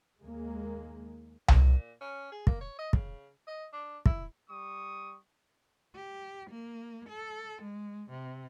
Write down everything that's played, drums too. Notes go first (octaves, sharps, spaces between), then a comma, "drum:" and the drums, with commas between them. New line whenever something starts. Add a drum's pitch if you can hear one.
D#2 G#3 A#3
A#2, drum: tom C2
C#4
G#4
A#3, drum: kick
C#5
D#5
C#3, drum: kick
D#5
D4
E4, drum: kick
G3 C#6 D#6
G4
A#3
A4
G#3
C3